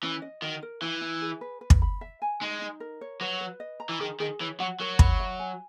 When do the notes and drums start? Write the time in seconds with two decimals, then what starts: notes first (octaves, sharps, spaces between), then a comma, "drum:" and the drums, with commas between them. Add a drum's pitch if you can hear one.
0.03 E3 C#4
0.22 D#5
0.42 D#3 F#4
0.63 A#4
0.82 E3 E4
1.01 E4
1.21 G#4
1.41 B4
1.61 B4
1.70 drum: kick
1.82 B5
2.01 E5
2.22 G#5
2.41 G#3 D#4
2.62 D#4
2.80 A#4
3.01 C#5
3.21 F#3 B4
3.41 B4
3.60 D#5
3.80 A#5
3.89 E3
4.00 D#3 G#4
4.20 D#3 G#4
4.40 E3 C#5
4.60 F#3 F#5
4.80 F#3 A#4
4.99 B5, drum: kick
5.20 E5
5.39 G#5